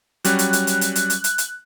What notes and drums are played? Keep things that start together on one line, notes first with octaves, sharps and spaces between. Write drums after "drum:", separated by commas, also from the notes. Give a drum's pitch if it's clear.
F#3 G3 C#4 F#6, drum: hi-hat
drum: hi-hat
drum: hi-hat
drum: hi-hat
drum: hi-hat
drum: hi-hat
drum: hi-hat
drum: hi-hat
drum: hi-hat